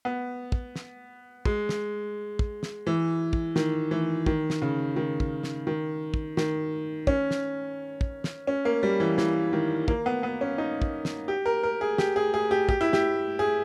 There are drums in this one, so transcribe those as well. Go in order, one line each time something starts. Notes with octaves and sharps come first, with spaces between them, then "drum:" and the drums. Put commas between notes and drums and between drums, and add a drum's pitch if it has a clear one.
B3
drum: kick
drum: snare
G#3, drum: kick
drum: snare
drum: kick
drum: snare
E3
drum: kick
D#3, drum: snare
E3
D#3, drum: kick
drum: snare
C#3
D#3
drum: kick
drum: snare
D#3
drum: kick
D#3, drum: snare
C#4, drum: kick
drum: snare
drum: kick
drum: snare
C#4
A#3
G3
E3
E3, drum: snare
D#3
A#3, drum: kick
B3
B3
C#4
D#4
drum: kick
drum: snare
G4
A#4
A#4
G#4
G4, drum: snare
G#4
G#4
G4
G4, drum: kick
E4
G4, drum: snare
G#4